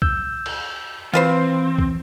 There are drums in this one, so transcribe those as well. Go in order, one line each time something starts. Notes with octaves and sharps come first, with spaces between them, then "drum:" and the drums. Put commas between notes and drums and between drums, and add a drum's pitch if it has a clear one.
E6 G6, drum: kick C2
drum: cymbal
E3 C4 F4 B4 C5
drum: kick C2